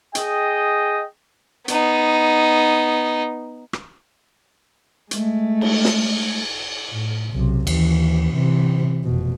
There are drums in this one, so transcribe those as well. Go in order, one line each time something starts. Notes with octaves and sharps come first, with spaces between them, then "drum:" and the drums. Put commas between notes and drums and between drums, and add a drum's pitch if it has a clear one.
G#4 D#5 G5, drum: hi-hat
B3 D#4, drum: hi-hat
drum: rim click
G#3 A3, drum: hi-hat
drum: cymbal
drum: snare
A2
B1 C3
D#2 E3, drum: cymbal
C3 E3
F1 B2